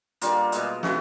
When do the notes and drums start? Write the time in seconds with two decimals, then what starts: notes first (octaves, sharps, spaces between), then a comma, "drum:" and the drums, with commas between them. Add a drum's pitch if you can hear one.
0.21 D3 G3 A#3 F4, drum: hi-hat
0.52 B2 G#3, drum: hi-hat
0.83 C#3 E3 A3 F#4, drum: snare